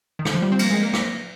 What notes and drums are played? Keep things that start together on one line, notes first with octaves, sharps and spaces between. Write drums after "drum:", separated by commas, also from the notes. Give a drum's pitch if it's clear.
D#3
D3, drum: rim click
F3
G3
C4
A#3, drum: cymbal
G#3
A#3
drum: rim click